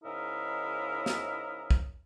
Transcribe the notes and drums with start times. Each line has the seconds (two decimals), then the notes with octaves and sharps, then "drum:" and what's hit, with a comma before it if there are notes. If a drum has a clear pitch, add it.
0.04 G#2 C#3 D#4 E4 A#4
1.06 drum: snare
1.71 drum: kick